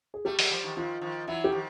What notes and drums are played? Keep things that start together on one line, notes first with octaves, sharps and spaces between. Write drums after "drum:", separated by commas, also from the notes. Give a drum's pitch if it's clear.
G#4
G3 A3 G4
F#3 G#3, drum: open hi-hat
F3 G3
D#3 F3
D#3 F3 F4
D#3 F3
E3 F#3 E4
G4
D#3 F3